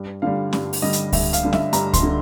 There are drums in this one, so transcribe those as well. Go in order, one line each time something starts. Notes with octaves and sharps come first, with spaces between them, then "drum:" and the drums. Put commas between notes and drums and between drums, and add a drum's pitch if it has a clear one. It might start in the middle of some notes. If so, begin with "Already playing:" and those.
Already playing: G2
D3 G3 F5
G2, drum: snare C#4
drum: open hi-hat
D3 G3 D#5
drum: hi-hat
G2 E5, drum: kick C#2, open hi-hat
F5, drum: hi-hat
D3 G3
E5, drum: snare C#4
G2 A#5, drum: hi-hat
C6, drum: kick C#2, hi-hat
D3